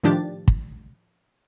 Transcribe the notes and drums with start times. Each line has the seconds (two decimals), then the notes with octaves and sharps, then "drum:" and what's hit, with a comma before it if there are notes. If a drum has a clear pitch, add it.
0.03 A2 D#3 F3 D4 G4 A6
0.48 drum: kick